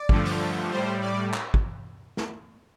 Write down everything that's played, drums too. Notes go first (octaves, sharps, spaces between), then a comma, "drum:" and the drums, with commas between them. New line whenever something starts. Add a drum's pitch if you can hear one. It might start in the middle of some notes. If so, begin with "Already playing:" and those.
Already playing: D5
G2 D3 F3 A3, drum: kick
drum: open hi-hat
A2 G3 C5
D5
drum: clap
drum: kick
drum: snare